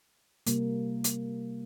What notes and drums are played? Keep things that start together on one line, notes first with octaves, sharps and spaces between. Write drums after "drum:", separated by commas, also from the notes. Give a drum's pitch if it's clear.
C3 G3 A#3, drum: hi-hat
drum: hi-hat